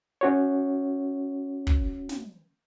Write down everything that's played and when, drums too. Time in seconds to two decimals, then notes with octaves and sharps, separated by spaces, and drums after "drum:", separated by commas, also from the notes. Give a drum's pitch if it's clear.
0.21 C#4 F#4 C#5
1.67 drum: kick
2.09 drum: snare